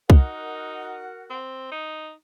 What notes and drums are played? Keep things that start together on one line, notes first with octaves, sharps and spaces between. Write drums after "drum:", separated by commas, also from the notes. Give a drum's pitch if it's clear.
D#4 F#4 A#4 F#5, drum: kick
C4
D#4